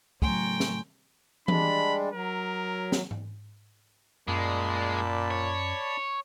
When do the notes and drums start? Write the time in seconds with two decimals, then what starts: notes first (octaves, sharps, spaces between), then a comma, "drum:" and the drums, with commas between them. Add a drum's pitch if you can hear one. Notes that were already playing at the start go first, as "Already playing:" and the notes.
0.22 A2 C#3 F#3 A3 A4 G5 G#5 C6, drum: kick
0.60 drum: snare
1.48 G3 G#3 D4 B5, drum: tom E3
2.13 F#3 A#4
2.92 drum: snare
3.11 drum: tom G#2
4.28 F#2 A#2 G#3 D5 A5 B5
5.31 C#5